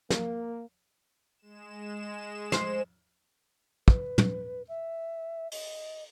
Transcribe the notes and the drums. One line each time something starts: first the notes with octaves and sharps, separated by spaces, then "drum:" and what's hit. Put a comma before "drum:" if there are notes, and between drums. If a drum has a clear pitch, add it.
A#3, drum: snare
G#3 E7
C5, drum: snare
B4, drum: kick
drum: tom
E5
D#5, drum: open hi-hat